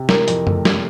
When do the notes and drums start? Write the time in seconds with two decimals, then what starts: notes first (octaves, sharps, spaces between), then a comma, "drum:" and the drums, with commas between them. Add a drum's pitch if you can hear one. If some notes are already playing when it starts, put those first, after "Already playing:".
Already playing: C3
0.09 E3 A#4, drum: snare
0.28 F2, drum: hi-hat
0.47 A3, drum: tom
0.65 C3, drum: snare